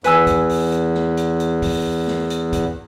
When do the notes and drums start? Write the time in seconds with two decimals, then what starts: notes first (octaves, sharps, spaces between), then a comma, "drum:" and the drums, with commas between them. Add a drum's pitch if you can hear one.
0.04 E2 B4 G#5 E6, drum: hi-hat
0.27 drum: kick, hi-hat
0.49 drum: open hi-hat
0.72 drum: hi-hat
0.95 drum: snare
1.17 drum: hi-hat
1.40 drum: hi-hat
1.62 drum: kick, open hi-hat
2.07 drum: snare
2.30 drum: hi-hat
2.53 drum: kick, hi-hat